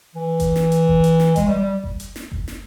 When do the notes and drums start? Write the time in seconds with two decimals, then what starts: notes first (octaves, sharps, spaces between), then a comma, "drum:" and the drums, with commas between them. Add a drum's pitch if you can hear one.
0.15 E3
0.40 drum: kick F#1, hi-hat
0.56 drum: snare
0.72 drum: hi-hat
0.88 drum: kick F#1
1.04 drum: hi-hat
1.20 drum: snare
1.36 G#3, drum: kick F#1, hi-hat
1.47 G3
1.60 G3
1.84 drum: kick F#1
2.00 drum: hi-hat
2.16 drum: snare
2.32 drum: kick F#1
2.48 drum: snare